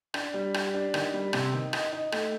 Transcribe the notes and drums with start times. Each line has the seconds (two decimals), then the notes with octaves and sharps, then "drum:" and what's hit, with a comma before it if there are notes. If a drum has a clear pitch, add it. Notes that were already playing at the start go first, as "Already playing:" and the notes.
0.14 D4, drum: rim click
0.34 G3
0.54 G4, drum: rim click
0.74 D4
0.94 D#3, drum: rim click
1.13 G3
1.33 C3, drum: rim click
1.53 D#3
1.73 D#4, drum: rim click
1.92 D#4
2.12 A3, drum: rim click